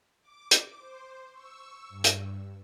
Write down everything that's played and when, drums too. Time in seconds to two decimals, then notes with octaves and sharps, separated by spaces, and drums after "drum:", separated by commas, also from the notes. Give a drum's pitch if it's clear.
0.21 D6
0.51 drum: hi-hat
0.77 C5
1.33 C#6 E6
1.89 G2
2.04 drum: hi-hat